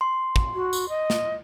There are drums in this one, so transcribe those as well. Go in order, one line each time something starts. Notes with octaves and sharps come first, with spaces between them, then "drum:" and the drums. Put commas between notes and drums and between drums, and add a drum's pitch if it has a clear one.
C6
drum: kick
F#4
drum: tambourine
D#5
drum: snare